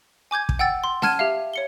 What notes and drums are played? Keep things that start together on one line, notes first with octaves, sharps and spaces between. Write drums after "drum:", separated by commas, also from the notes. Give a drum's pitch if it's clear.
G#5 D6 G6 G#6
drum: kick
F#5 G5 E6 A6
C6
F#5 A5 F6 G#6 D#7, drum: snare C#4
G4 E5 F5
C#5 C#7 G7